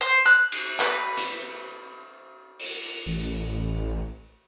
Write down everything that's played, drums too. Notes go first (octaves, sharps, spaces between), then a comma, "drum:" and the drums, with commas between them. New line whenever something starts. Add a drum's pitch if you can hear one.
C5
F#6
drum: cymbal
B4, drum: clap
drum: hi-hat
drum: open hi-hat
A1